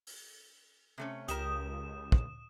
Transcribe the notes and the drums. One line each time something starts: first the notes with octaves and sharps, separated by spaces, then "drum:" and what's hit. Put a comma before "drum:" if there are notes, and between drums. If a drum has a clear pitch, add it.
drum: open hi-hat
C3 A3 C#4
C#2 G4 A#4 D#6 E7, drum: hi-hat
drum: kick